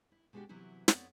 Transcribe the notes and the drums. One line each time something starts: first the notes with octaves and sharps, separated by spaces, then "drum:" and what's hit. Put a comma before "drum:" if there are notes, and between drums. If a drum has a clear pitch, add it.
E4
B2 G#3 D4 D#4 F#4 G4
C3 E3 F#3 E4 F#4
F2 B3 C4 C#5 D5 F#5, drum: snare